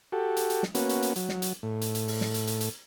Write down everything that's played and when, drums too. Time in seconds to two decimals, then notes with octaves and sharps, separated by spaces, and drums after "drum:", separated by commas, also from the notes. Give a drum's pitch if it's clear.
0.12 F#4 G4 A4
0.37 drum: hi-hat
0.50 drum: hi-hat
0.63 drum: snare
0.75 A#3 B3 C#4 F#4, drum: hi-hat
0.89 drum: hi-hat
1.02 drum: hi-hat
1.16 F#3, drum: hi-hat
1.29 drum: snare
1.42 drum: hi-hat
1.63 A2
1.81 drum: hi-hat
1.95 drum: hi-hat
2.08 drum: open hi-hat
2.21 drum: snare
2.34 drum: hi-hat
2.47 drum: hi-hat
2.61 drum: hi-hat